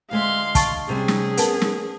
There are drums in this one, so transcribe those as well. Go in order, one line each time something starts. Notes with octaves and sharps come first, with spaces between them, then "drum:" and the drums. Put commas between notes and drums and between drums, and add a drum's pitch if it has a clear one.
D2 G#3 E5 F5 C6
A5 C#6 A6, drum: kick, hi-hat
C3 G3 C#4 G#4
drum: snare
B3 A#4 A5, drum: hi-hat
drum: snare